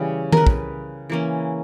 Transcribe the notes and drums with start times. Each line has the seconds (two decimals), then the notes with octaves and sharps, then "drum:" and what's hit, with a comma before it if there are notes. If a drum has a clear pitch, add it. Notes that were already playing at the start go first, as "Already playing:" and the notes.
Already playing: C#3 E3 G3 C#5
0.32 A#4 B4, drum: tom D#3
0.47 drum: kick
1.10 E3 A#3 C#4